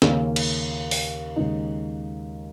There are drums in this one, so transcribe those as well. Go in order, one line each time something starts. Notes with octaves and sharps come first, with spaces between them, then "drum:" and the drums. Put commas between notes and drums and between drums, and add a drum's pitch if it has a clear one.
D#2 C#3 A#3 C#4, drum: snare
drum: cymbal
drum: open hi-hat
D#2 C#3 G#3 D#4